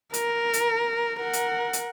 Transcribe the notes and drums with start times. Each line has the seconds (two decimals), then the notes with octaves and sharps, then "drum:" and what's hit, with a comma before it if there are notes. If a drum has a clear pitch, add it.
0.14 A#4, drum: hi-hat
0.53 drum: hi-hat
1.20 A#4 F#5
1.33 drum: hi-hat
1.73 drum: hi-hat